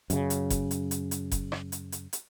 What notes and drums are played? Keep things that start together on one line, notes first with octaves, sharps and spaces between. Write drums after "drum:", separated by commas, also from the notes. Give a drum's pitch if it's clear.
F#2 C#3, drum: hi-hat
drum: hi-hat
drum: kick F1, hi-hat
drum: hi-hat
drum: hi-hat
drum: hi-hat
drum: kick F1, hi-hat
drum: rim click
drum: hi-hat
drum: hi-hat
drum: hi-hat